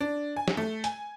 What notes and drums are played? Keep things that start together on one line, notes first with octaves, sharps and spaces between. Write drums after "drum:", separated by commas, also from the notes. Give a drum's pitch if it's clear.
D4
G#5
drum: snare
A3
G#5, drum: hi-hat